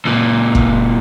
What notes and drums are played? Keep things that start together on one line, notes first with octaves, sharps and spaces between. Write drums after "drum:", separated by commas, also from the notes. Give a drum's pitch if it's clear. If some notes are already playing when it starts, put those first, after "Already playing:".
C#2 A#2
drum: kick